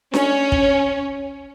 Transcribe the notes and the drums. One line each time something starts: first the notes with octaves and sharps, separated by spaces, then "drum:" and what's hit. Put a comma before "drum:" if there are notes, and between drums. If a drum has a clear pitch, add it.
C#4, drum: snare D4
drum: kick